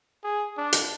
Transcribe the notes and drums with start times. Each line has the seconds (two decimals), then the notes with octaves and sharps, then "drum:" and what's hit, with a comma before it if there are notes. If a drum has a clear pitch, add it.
0.24 G#4
0.57 D4
0.73 drum: hi-hat